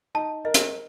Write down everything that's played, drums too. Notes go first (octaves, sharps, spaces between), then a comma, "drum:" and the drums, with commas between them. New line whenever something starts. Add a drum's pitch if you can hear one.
D#4 A5
A#4 D#5
drum: hi-hat